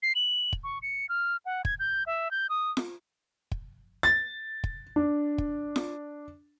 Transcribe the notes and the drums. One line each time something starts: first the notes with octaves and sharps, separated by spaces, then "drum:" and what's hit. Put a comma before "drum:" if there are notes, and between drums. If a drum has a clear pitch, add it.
C7
F#7
drum: kick
C#6
C#7
F6
F#5
G#6, drum: kick
G6
E5
G6
D#6
drum: snare F4
drum: kick
A6
drum: kick
D4
drum: kick
drum: snare F4